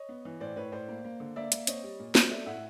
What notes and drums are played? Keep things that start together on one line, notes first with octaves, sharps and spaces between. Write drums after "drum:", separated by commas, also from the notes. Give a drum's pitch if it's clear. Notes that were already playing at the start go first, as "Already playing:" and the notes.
Already playing: C#5 D#5
B3
E3
A2 C5 D5
A2 B4 C#5
A2 C5 D5
A#3
A#3
D3
A#3 D5 E5
A#3, drum: hi-hat
C4 C#5 D#5, drum: hi-hat
G3
A#2
C4, drum: snare
A3 D5 E5
A2 E5 F#5